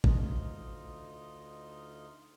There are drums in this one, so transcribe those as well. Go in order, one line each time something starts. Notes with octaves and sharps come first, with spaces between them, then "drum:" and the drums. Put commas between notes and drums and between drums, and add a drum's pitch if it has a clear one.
D2 D#4 F4 D#5, drum: kick